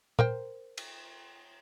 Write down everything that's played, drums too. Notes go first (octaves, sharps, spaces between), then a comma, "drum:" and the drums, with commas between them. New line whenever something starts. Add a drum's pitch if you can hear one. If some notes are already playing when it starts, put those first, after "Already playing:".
A#4 C5 G5, drum: tom
drum: cymbal